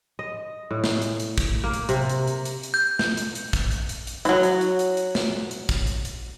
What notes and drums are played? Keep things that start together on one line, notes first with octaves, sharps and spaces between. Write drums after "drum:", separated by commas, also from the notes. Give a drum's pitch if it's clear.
D#5
A2
drum: snare
drum: hi-hat
drum: hi-hat
drum: kick, hi-hat
A#3
drum: hi-hat
C3, drum: hi-hat
drum: hi-hat
drum: hi-hat
drum: hi-hat
drum: hi-hat
G6
drum: snare
drum: hi-hat
drum: hi-hat
drum: kick, hi-hat
drum: hi-hat
drum: hi-hat
drum: hi-hat
E3 F#3, drum: hi-hat
drum: hi-hat
drum: hi-hat
drum: hi-hat
drum: hi-hat
drum: snare
drum: hi-hat
drum: kick, hi-hat
drum: hi-hat
drum: hi-hat